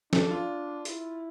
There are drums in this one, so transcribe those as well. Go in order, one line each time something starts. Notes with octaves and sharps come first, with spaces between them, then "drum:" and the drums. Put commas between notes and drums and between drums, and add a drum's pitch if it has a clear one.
D4 A4, drum: snare
F4
E4, drum: hi-hat